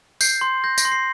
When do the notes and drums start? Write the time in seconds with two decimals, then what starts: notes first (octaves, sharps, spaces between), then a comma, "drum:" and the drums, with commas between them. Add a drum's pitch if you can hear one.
0.21 G6 C7, drum: tambourine
0.41 C6
0.64 G6 A#6
0.78 A#6, drum: tambourine
0.85 C6
0.92 C7